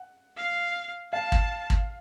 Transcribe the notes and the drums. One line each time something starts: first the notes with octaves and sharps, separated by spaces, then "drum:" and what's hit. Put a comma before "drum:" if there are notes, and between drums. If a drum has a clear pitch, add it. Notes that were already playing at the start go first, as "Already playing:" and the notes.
Already playing: F#5
F5
F5 A5
drum: kick
drum: kick